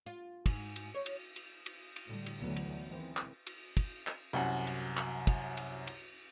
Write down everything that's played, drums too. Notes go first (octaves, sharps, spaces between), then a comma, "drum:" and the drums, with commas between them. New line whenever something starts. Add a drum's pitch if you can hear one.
F4
G#2, drum: kick, cymbal
drum: cymbal
C#5
drum: cymbal
drum: cymbal
drum: cymbal
drum: cymbal
A2 D3 G3
drum: cymbal
D2 D3 E3 F#3 A3 B3
drum: cymbal
D#3 E3 G#3 C4
drum: clap
drum: cymbal
drum: kick, cymbal
drum: clap
C2 F#2 F#5
drum: cymbal
drum: clap
drum: kick, cymbal
drum: cymbal
drum: cymbal